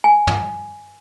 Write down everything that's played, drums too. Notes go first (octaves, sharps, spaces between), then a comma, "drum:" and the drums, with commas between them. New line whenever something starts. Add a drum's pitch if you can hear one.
G#5
drum: tom